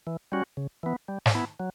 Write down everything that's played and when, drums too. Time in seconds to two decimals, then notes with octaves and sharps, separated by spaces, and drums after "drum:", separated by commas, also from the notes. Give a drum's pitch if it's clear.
0.07 E3
0.32 G3 C#4 F#4
0.57 C#3
0.83 E3 B3
1.08 G3
1.26 drum: snare
1.35 B3 E4
1.60 F#3